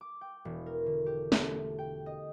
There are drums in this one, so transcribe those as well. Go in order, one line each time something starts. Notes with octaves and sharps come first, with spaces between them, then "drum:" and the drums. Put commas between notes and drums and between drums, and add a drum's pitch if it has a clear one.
D6
G5
E1
A#4
D3
G4
A3, drum: snare
G5
D#5